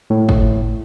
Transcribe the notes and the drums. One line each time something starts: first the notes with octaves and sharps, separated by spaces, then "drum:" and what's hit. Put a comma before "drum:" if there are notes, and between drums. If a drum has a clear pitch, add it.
A2
drum: kick